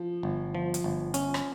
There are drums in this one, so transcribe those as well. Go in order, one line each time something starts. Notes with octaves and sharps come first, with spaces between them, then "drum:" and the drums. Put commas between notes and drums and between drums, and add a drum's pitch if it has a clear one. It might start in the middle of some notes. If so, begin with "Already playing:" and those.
Already playing: F3
G1
F3
drum: hi-hat
G1
C#4, drum: hi-hat
drum: rim click